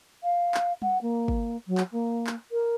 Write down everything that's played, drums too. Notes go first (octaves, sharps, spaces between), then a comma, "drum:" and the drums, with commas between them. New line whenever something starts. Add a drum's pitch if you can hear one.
F5
drum: clap
F#5, drum: tom G3
A#3
drum: kick
F#3
drum: clap
A#3
drum: clap
A#4